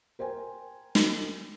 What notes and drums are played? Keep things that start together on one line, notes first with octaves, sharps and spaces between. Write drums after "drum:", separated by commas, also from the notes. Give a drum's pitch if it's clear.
A#4 C5 G5 G#5
drum: snare